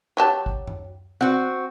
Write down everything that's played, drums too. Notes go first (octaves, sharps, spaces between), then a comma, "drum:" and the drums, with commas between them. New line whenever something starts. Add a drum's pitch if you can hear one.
F#3 G4 A5
drum: kick
drum: tom F#2
C4 F#4 F#5